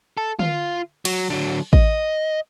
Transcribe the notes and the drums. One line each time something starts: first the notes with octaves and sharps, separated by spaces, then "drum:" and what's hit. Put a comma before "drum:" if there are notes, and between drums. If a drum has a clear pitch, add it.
A4
F4, drum: tom D3
F#3, drum: cymbal
D3 F#3
D#5, drum: kick A1